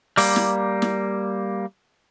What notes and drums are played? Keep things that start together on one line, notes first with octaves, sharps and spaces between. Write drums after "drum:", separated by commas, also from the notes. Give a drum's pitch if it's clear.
G3 A#3, drum: open hi-hat
drum: snare
drum: snare